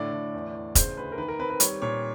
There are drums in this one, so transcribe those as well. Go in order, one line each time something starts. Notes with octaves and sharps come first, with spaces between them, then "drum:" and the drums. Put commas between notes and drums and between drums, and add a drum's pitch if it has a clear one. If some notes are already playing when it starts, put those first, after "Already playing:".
Already playing: A2 D3 D5
A2
E2
E2
C#3 C5, drum: kick F1, hi-hat
D2 B4
A#4
D#3 B4
A#4
C4 B4
B4
G3 C#5, drum: hi-hat
A#2 C#5